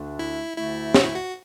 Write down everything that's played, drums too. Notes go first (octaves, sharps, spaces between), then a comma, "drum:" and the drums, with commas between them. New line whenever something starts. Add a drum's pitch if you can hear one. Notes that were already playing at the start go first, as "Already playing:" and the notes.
Already playing: D2 D3 A3 D4
E4
D2 D3 A3 E4
F#4, drum: snare
E4
F#4